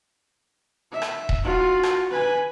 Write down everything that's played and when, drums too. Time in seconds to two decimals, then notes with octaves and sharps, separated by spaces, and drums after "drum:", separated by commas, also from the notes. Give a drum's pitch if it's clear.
0.92 E5
1.02 drum: rim click
1.29 drum: kick D#1
1.43 F4 F#4
1.83 drum: rim click
2.11 B4 G#5